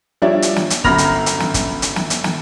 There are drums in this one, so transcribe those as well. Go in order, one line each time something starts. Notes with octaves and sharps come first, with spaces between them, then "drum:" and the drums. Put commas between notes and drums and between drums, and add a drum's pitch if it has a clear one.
F3 G3 D4 E4 C#5
drum: hi-hat
drum: snare
drum: hi-hat
G1 F#2 B5 F6 A#6 F7, drum: kick
drum: hi-hat
drum: hi-hat
drum: snare
drum: kick, hi-hat
drum: hi-hat
drum: snare
drum: hi-hat
drum: snare